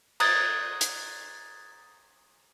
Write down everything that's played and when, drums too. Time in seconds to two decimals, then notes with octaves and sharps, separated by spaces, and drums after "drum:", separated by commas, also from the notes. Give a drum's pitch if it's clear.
0.20 A#5 D#6 F#6 G#6 A6, drum: cymbal
0.81 drum: hi-hat